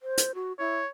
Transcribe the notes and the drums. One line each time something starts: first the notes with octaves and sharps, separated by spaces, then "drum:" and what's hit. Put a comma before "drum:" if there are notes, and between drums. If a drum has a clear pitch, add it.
C5
drum: hi-hat
F#4
E4 C#5